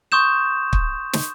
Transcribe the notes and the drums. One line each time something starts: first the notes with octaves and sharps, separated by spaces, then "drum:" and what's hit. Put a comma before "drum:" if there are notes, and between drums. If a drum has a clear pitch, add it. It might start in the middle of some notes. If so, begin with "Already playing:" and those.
C6 C#6 D#6 G6 E7
drum: kick
drum: snare